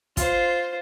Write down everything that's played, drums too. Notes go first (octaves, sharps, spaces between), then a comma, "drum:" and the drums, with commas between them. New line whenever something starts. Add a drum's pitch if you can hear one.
F4 C5, drum: kick, hi-hat